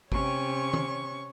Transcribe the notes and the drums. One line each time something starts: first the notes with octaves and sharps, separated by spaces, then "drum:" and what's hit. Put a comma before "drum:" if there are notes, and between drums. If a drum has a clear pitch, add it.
C3 C#4 C#5 C#6, drum: kick G#1
drum: tom